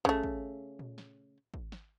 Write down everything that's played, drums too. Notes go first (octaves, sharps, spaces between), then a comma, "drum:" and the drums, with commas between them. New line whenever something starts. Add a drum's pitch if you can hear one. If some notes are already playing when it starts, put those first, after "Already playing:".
C#3 A3, drum: kick
drum: kick
drum: tom A#2
drum: snare
drum: kick
drum: snare